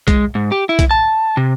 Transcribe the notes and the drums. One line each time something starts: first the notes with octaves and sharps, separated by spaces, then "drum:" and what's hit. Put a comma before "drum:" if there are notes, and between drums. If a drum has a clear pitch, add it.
G#3, drum: kick B1, hi-hat
G#2
G4
E4
drum: kick B1, hi-hat
A5
C3